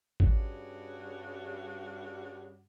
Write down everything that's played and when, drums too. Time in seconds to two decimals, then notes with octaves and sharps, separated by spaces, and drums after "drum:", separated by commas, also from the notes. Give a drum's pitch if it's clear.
0.20 G2 C#3 G3 F#4, drum: kick G#1